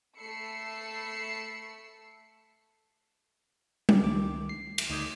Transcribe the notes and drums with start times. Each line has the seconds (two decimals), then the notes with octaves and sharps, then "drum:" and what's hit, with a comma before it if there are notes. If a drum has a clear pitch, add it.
0.18 A3 A4 B5 E6 C7 C#7
3.89 G4, drum: tom G3
4.02 C#2 D#3 D6
4.49 C7
4.78 drum: cymbal
4.90 D2 D#4 D6 D#6 G6 G#6